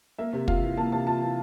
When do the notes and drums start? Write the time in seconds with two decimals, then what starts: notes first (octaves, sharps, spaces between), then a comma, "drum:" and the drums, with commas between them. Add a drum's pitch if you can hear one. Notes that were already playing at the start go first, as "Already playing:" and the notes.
0.18 A#3 E5
0.33 C3
0.48 F4 F5, drum: kick
0.62 E3
0.77 A#3 A5
0.92 C3 A5
1.07 F4 A5
1.21 E3